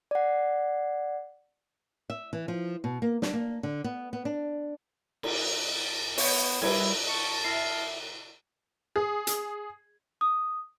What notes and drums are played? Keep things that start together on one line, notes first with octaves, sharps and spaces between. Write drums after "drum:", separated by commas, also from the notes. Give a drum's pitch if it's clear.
D5 F#5
E5
E3
F3
B2
A#3
D4, drum: snare
A#3
D3
B3
B3
D4
drum: cymbal
B3 C#5, drum: open hi-hat
G3 E4 B4 G#6, drum: cymbal
A5 C#6
E4 A#4 C7
G#4
drum: hi-hat
D#6